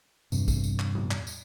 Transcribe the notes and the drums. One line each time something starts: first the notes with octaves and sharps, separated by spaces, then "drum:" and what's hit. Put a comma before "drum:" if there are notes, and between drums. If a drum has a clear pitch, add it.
E2 G2 C3, drum: tambourine
drum: kick, tambourine
drum: tambourine
drum: clap
drum: tom A2
drum: clap
drum: tambourine